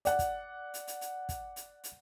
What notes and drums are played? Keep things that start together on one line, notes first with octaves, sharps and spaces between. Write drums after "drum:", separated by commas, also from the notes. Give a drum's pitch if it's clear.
D5 F#5, drum: hi-hat
drum: kick, hi-hat
drum: hi-hat
drum: hi-hat
drum: hi-hat
drum: kick, hi-hat
drum: hi-hat
drum: hi-hat